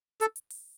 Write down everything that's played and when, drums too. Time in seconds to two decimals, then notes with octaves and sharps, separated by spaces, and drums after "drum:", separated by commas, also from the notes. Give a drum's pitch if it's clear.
0.21 A4, drum: hi-hat
0.36 drum: hi-hat
0.50 drum: open hi-hat